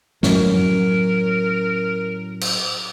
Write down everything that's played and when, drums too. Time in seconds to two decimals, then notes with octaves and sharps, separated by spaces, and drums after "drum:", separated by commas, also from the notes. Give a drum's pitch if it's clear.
0.23 F#2 A2 F#3 C#4 A#4, drum: snare
2.41 drum: cymbal